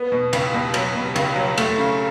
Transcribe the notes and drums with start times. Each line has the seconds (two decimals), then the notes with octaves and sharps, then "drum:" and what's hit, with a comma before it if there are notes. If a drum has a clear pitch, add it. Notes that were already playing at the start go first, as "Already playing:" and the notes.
Already playing: B3
0.12 B2
0.33 C#2, drum: cymbal
0.54 B2
0.74 F#3, drum: cymbal
0.95 B2
1.16 C#2, drum: cymbal
1.36 F#3
1.58 A3, drum: cymbal
1.78 C#3